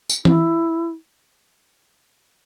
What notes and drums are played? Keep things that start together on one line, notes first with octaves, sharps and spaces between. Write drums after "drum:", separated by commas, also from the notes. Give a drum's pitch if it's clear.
drum: tambourine
E4, drum: tom E3